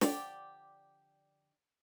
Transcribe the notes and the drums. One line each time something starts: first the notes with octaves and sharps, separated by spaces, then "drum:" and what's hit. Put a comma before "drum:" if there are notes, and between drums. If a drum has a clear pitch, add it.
D3 F3 G4 D5, drum: snare